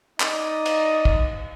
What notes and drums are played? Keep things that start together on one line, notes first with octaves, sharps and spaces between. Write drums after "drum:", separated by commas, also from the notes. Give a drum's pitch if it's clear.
D#4 D5 D#5, drum: clap
drum: cymbal
drum: kick